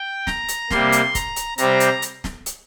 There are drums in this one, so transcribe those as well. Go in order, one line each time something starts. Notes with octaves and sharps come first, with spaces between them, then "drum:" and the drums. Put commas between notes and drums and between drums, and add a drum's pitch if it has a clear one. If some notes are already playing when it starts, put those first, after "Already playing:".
Already playing: G5
A#5, drum: snare
drum: hi-hat
C3 G3 A#3 C6, drum: snare
drum: hi-hat
A#5, drum: kick, hi-hat
drum: hi-hat
C3 G3 C4 A#5, drum: hi-hat
drum: hi-hat
drum: hi-hat
drum: snare
drum: hi-hat